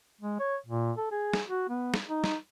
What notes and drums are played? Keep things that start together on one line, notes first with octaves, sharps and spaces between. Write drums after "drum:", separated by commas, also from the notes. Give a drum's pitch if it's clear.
G#3
C#5
A#2
A4
G#4
drum: snare
F#4
B3
drum: snare
D#4
drum: snare